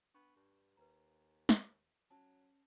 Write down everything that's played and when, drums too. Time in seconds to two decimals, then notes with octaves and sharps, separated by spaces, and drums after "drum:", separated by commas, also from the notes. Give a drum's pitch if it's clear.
0.14 B3 D4 C#6
0.36 G2
0.77 D#2 B4 A#5
1.49 drum: snare
2.11 F#3 C#4 A5